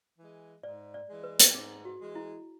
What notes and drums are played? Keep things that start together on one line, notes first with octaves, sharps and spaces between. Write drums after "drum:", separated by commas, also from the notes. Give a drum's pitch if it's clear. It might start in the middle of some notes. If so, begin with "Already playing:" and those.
E3 G#3
G#2 D5
D5
E3 G#3
B4
drum: hi-hat
G#2 G#4
F#4
E3 G#3
E4